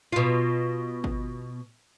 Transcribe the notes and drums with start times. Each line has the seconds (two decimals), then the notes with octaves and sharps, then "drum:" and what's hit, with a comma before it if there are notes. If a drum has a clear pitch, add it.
0.12 B2 F4
1.04 drum: kick G#1